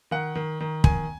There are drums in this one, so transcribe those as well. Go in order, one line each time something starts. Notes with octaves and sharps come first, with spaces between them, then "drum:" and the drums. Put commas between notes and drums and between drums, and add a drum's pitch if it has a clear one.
D#3 F#5
D#3
D#3
D#3 G#5, drum: kick